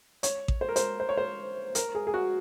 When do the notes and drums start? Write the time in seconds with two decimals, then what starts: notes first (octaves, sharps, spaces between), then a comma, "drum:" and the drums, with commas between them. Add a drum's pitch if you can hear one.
0.23 C#5, drum: hi-hat
0.48 drum: kick A1
0.61 C5
0.69 A#4
0.76 C5, drum: hi-hat
1.00 C5
1.09 C#5
1.17 C5
1.75 A#4, drum: hi-hat
1.95 G#4
2.07 G#4
2.14 F#4